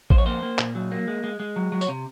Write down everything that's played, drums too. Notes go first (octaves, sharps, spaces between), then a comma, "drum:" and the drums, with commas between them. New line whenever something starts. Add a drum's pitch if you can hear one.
F2 C5, drum: kick A1
C#5
A#3 C5
A#3
A#2, drum: clap
F#3
A#3
G#3
G#3
G#3
F#3
F#3
C#5, drum: tambourine
C3